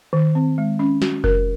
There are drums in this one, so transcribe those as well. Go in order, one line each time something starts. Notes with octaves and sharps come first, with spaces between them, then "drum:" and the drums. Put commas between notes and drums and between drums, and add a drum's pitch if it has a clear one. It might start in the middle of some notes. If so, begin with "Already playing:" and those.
D#3
C4
G#3
C#4
F#4, drum: snare
A#4, drum: kick F1